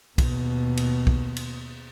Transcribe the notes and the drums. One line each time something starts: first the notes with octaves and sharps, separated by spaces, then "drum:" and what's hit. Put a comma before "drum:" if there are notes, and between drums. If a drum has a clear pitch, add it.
D#2 B2, drum: kick, cymbal
drum: cymbal
drum: kick
drum: cymbal